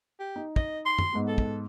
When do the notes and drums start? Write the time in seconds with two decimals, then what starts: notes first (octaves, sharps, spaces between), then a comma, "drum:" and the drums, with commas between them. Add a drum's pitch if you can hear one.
0.20 G4
0.36 D#4
0.56 D#5, drum: kick
0.85 C6
0.99 drum: tom
1.12 G#2 B3
1.28 A4
1.38 drum: kick